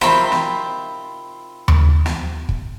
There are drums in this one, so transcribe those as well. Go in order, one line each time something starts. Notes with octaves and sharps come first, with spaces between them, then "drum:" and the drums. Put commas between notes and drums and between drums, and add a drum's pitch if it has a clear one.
C3 D#3 C4 E4 F4 B5, drum: snare
drum: snare
drum: tom D#2
drum: snare
drum: kick